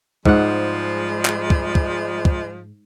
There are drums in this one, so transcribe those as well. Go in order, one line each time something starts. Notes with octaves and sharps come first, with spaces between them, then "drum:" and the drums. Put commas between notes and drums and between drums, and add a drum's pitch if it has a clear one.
G#2 F3 G3 G#3 F#5, drum: kick
drum: clap
drum: kick
drum: kick
drum: kick